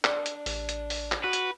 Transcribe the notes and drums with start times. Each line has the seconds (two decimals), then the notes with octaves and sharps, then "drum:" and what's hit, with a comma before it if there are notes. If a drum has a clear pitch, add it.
0.04 D4 D5, drum: clap
0.26 drum: hi-hat
0.46 A1, drum: open hi-hat
0.69 drum: hi-hat
0.90 drum: open hi-hat
1.12 drum: clap
1.24 F#4 B4
1.33 drum: hi-hat